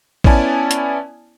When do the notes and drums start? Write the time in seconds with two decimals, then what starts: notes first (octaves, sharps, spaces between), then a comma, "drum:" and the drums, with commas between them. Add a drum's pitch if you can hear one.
0.24 B3 C#4 E4 D5 G#5 A5, drum: kick
0.71 drum: hi-hat